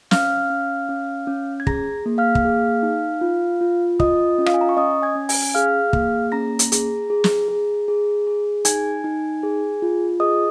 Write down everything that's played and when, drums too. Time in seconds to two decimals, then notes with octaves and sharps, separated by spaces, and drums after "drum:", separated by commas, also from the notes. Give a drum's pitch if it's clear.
0.11 C#4 F5 F6, drum: snare
0.50 C#4
0.89 C#4
1.27 C#4
1.60 G#6
1.67 G#4 A#5 A#6, drum: kick
2.06 A#3
2.18 F5 F6
2.35 drum: kick
2.45 G#4
2.83 D#4
3.21 F4
3.61 F4
4.00 F4 D#5 D#6, drum: kick
4.38 C#4
4.46 F5, drum: rim click
4.54 G#5
4.61 A#5
4.69 C#6
4.77 C#4 D#5 D#6
5.02 G#5 G#6
5.15 C#4
5.29 G#5 G#6, drum: open hi-hat
5.54 G#4 F5 F6
5.93 A#3, drum: kick
6.32 C#4 A#5 A#6
6.59 drum: hi-hat
6.72 G#4, drum: hi-hat
7.10 G#4
7.24 drum: snare
7.48 G#4
7.88 G#4
8.27 G#4
8.65 D#4 G#5 G#6, drum: hi-hat
9.04 D#4
9.43 G#4
9.82 F4
10.20 G#4 D#5 D#6